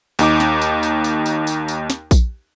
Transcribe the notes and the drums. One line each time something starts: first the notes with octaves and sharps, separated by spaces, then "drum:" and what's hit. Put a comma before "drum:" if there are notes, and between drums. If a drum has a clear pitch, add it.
D#2 D#4 D6, drum: tambourine
drum: snare
drum: tambourine
drum: tambourine
drum: tambourine
drum: tambourine
drum: tambourine
drum: tambourine
drum: snare
drum: kick A#1, tambourine